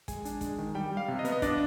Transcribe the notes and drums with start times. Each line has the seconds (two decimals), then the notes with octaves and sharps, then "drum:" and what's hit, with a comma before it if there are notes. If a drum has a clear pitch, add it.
0.08 G#3 G#5, drum: kick, hi-hat
0.25 D4, drum: hi-hat
0.41 G#3, drum: kick, hi-hat
0.58 D#3
0.75 G3 G5
0.92 G3
0.97 F5
1.08 C3
1.19 D#5
1.25 B3, drum: hi-hat
1.32 D#5
1.42 D4 D5, drum: kick, hi-hat